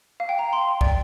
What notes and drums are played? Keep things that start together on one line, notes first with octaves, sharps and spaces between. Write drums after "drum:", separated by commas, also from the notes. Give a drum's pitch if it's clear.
F5
G5
F5 A#5
G5 C6
D5 G5, drum: kick